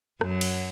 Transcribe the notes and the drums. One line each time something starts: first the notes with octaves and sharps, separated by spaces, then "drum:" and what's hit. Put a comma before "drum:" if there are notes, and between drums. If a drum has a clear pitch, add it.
F#2 F#3, drum: rim click
drum: cymbal